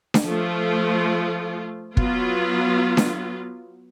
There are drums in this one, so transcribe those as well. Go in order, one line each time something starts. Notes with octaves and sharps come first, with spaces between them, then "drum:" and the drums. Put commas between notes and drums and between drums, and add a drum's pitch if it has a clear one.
drum: snare D4
F3 A3 F4
F#3 B3 F4, drum: kick
drum: snare D4